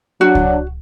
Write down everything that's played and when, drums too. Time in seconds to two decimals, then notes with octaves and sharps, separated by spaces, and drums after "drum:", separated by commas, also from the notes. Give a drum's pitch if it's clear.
0.21 F#3 D4 F#4
0.35 drum: kick C#2